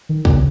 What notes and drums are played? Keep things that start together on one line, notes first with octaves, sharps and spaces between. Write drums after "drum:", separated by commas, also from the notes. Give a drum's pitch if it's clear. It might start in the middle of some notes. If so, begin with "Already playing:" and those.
D#3
C#3, drum: kick